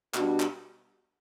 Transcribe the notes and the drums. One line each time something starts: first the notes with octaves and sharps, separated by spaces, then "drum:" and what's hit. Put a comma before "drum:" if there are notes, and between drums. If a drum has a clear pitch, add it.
B2 G3 D4 F#4, drum: clap
drum: clap